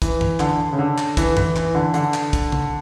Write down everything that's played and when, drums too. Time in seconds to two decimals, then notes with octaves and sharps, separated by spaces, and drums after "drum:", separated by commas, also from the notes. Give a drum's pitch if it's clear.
0.02 E3, drum: kick, hi-hat
0.21 drum: tom F#2
0.40 D3, drum: clap
0.73 C#3
0.79 D3
0.98 drum: clap
1.17 E3, drum: kick, hi-hat
1.37 E3, drum: tom F#2
1.56 E3, drum: clap
1.75 D3
1.94 D3, drum: hi-hat
2.14 drum: clap
2.33 drum: kick, hi-hat
2.52 drum: tom C#3